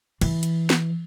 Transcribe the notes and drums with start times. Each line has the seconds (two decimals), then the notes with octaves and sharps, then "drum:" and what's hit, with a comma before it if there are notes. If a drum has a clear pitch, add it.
0.21 E3, drum: cymbal
0.43 drum: hi-hat
0.70 drum: snare